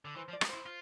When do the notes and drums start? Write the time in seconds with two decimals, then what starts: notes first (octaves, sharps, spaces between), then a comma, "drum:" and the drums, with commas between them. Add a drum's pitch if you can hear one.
0.05 D3
0.16 E3 C5
0.28 F3
0.33 D5
0.41 G#3, drum: rim click
0.45 B4
0.49 E4 C5
0.66 F4